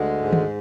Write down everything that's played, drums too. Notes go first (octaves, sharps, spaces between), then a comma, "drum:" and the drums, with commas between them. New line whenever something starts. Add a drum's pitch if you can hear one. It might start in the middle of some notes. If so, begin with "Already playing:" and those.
Already playing: D2 D3 G#3
G#2
drum: tom D#3